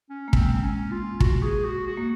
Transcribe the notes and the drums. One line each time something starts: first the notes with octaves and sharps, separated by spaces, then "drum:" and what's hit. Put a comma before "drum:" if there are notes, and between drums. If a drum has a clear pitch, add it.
C#4
A#3
G#3 C4, drum: kick
C4
C#4
F4
F#4, drum: kick
G#4
F#4
F#4
A#3